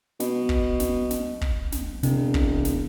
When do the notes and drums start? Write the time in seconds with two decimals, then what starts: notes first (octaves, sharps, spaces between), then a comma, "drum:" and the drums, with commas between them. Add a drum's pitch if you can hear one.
0.20 B2, drum: snare
0.49 drum: kick
0.80 drum: snare
1.11 drum: snare
1.41 drum: kick
1.72 drum: snare
2.03 E1 C3, drum: snare
2.34 drum: kick
2.65 drum: snare